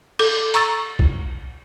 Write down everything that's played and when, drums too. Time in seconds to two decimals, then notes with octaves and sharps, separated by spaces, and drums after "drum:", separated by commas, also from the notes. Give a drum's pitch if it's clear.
0.19 A4 D6, drum: cymbal
0.54 A#5 C#6 E6 A6, drum: hi-hat
0.99 drum: kick